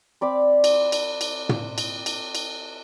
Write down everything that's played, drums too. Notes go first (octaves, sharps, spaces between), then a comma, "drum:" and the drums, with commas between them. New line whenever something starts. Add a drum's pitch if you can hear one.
C4 D5 B5 D6
drum: cymbal
drum: cymbal
drum: cymbal
drum: tom
drum: cymbal
drum: cymbal
drum: cymbal